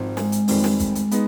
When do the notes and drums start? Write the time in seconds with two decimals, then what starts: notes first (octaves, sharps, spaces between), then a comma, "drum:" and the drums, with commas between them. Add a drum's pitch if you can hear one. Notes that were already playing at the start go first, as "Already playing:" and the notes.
Already playing: G#1 G#2 F3 C4
0.17 G#3, drum: snare
0.32 drum: hi-hat
0.48 F1 F2 D#3 G3 C4, drum: open hi-hat
0.64 drum: snare
0.80 drum: kick, hi-hat
0.95 drum: hi-hat
1.11 G#3 B3 D#4, drum: hi-hat